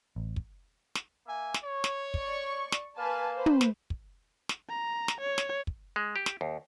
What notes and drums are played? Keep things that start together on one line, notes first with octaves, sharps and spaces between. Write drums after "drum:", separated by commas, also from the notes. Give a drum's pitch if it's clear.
A1
drum: kick
drum: snare
A#3 E5 G#5
drum: snare
C#5
drum: snare
D5 C#6, drum: kick
drum: snare
A#3 B4 F5 G#5 A5
B4 C5
drum: tom
drum: snare
drum: kick
drum: snare
A#5
drum: snare
C#5
drum: snare
drum: kick
G#3
G4
drum: snare
D#2